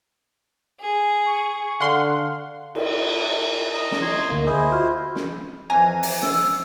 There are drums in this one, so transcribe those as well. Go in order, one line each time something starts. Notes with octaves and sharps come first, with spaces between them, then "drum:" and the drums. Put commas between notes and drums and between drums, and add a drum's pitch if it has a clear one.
G#4
C#6
D3 F5 F#5 C6
drum: cymbal
D#5 A#5
drum: snare
C#5 D#5 C6
D2 A#3
E4 G#4 C5 D#5
F4 F#4 F5
drum: snare
F2 E3 G#5 A#5 A#6
drum: open hi-hat
E6, drum: snare